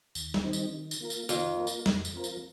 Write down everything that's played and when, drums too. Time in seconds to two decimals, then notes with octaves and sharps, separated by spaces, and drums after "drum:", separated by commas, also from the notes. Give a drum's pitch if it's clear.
0.15 D#2, drum: tambourine
0.34 drum: snare
0.44 D#3 G3 C4 D#4
0.53 drum: tambourine
0.72 D#3
0.91 drum: tambourine
1.01 A#3 F4 A#4
1.10 drum: tambourine
1.29 F2 D#3, drum: tambourine
1.57 A#3 F4 A#4
1.67 drum: tambourine
1.86 F2, drum: snare
2.05 drum: tambourine
2.14 F3 C4 F4 A#4
2.24 drum: tambourine